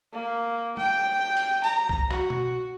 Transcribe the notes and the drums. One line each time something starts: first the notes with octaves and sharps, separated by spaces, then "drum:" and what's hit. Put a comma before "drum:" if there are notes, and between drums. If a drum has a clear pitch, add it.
A#3
G5, drum: tom G3
drum: hi-hat
A#5, drum: tambourine
drum: kick C2
F#4, drum: rim click
drum: tom B2